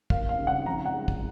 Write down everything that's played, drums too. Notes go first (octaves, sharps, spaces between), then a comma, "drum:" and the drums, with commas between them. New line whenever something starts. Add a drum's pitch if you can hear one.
A#3 F5, drum: kick
F5
C#3
F#5
F3 A#5
F#5
G#3
drum: kick